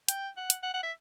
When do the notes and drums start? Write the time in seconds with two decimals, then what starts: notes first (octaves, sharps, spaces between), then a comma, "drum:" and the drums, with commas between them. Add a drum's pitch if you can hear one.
0.08 G5, drum: hi-hat
0.37 F#5
0.50 drum: hi-hat
0.63 F#5
0.74 F#5
0.83 E5